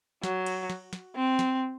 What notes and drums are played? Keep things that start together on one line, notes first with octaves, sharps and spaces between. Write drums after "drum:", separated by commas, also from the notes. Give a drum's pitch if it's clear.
F#3, drum: snare
drum: cymbal
drum: snare
drum: snare
C4
drum: snare